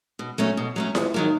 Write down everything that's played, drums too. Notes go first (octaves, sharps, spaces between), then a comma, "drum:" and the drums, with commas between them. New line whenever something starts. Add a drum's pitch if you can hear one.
B2
F#3 A3 C#4
B2
F#3 A3 C#4
D#2, drum: snare E4
D#3 F#3 A#3